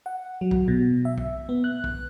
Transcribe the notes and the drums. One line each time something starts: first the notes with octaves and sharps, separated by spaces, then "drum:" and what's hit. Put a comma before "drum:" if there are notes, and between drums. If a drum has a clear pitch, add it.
F#5
F#3
drum: kick
B2
E5
drum: kick
B3
F#6
drum: kick